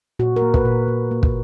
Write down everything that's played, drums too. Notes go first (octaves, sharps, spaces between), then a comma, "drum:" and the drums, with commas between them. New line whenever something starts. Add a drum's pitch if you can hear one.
A#2 F#4
A#4
A#3
B4, drum: kick
A#2
A#2
A#3
drum: kick